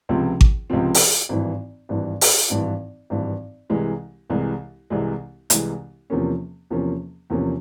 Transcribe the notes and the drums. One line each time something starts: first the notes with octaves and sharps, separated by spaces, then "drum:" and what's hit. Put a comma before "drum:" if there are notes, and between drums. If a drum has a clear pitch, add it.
C#2 C3 F3 C4
drum: kick G#1
C#2 C3 F3 C4
drum: open hi-hat
G#1 G2 E3
G#1 G2 E3
drum: open hi-hat
G#1 G2 E3
G#1 G2 E3
C2 C3 E3 G#3
C2 C3 E3 G#3
C2 C3 E3 G#3
C2 C3 E3 G#3, drum: hi-hat
E2 C3 F3 A#3 C#4
E2 C3 F3 A#3 C#4
E2 C3 F3 A#3 C#4